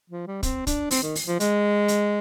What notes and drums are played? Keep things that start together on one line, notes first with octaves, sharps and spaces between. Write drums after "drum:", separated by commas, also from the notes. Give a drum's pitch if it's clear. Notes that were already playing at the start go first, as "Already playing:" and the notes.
F3
G3
C4, drum: kick, hi-hat
D4, drum: kick, hi-hat
C4, drum: open hi-hat
D#3
drum: open hi-hat
F3
G#3, drum: hi-hat
drum: hi-hat